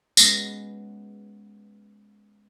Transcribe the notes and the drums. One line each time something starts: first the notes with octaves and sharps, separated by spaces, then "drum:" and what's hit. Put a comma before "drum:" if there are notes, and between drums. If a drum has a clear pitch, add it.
G#3 B3 C#4, drum: tambourine